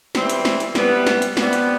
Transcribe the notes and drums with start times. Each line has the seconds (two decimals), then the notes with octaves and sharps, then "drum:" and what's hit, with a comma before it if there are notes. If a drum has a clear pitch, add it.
0.15 E3 G3 C4, drum: snare
0.29 drum: hi-hat
0.45 drum: snare
0.60 drum: hi-hat
0.75 C3 E3 G3 B3, drum: snare
1.07 drum: snare
1.22 drum: hi-hat
1.37 C3 G3 B3, drum: snare
1.53 drum: hi-hat